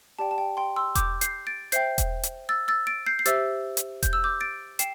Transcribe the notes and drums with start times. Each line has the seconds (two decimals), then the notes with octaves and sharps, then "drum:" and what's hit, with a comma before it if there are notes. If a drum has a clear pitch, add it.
0.19 G4 D5 G5 A5
0.31 A5
0.38 G5
0.57 G5 C6
0.76 C6 E6
0.95 D6 G6, drum: kick E1, hi-hat
1.21 G6 C7, drum: hi-hat
1.47 A6 D7
1.72 C5 E5 G5 G6 C7, drum: hi-hat
1.98 drum: kick E1, hi-hat
2.23 drum: hi-hat
2.49 E6 A6
2.68 E6 A6
2.87 A6 D7
3.06 G6 C7
3.19 C7
3.26 G4 C5 E5 E6 A6, drum: hi-hat
3.77 drum: hi-hat
4.03 G6, drum: kick E1, hi-hat
4.13 E6
4.24 D6 G6
4.41 A6 D7
4.79 G5 C7 E7, drum: hi-hat